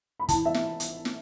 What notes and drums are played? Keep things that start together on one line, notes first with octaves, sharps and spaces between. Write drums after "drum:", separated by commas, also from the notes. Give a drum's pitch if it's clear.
B5
E3 A5, drum: kick, hi-hat
E5
drum: snare
drum: hi-hat
drum: snare